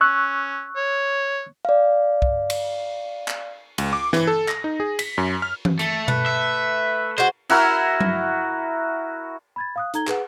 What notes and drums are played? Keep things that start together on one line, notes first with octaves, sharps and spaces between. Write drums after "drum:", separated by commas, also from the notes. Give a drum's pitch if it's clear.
C#4 C#6 E6 F#6
C#5
D5 F5
drum: kick C2
drum: cymbal
drum: clap
C#2, drum: cymbal
D6
E3, drum: snare
A4
A#6, drum: clap
D#4
G#4
B6, drum: cymbal
F#2
F6
drum: tom E3
A3, drum: hi-hat
A3 B4, drum: tom B2
E5
G#3 F#4 C5
E4 F#4 A#4 F#5, drum: cymbal
drum: tom F#3
B5 G#6 A6
F5 D#6 F#6
D#4 A4 A#5 G#6 G7, drum: hi-hat
G#4 B4 F#5, drum: clap